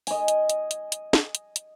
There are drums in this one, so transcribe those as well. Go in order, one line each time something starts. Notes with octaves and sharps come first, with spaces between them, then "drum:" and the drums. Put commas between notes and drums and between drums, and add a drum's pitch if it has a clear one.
D#5 G#5, drum: open hi-hat
drum: hi-hat
drum: hi-hat
drum: hi-hat
drum: hi-hat
drum: snare
drum: hi-hat
drum: hi-hat